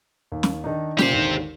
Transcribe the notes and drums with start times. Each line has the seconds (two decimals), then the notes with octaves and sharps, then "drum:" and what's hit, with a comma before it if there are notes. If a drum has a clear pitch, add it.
0.32 D#2
0.43 drum: snare
0.64 D#3 D4 D#4
0.98 A#2 C#3 G4 C5, drum: snare
1.12 G#1 D#2 D3